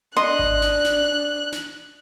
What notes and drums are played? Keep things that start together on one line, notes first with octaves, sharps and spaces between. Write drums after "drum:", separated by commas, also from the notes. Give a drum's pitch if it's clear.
D4 D#5 C6 F#6
drum: kick G#1
drum: snare
drum: snare
drum: snare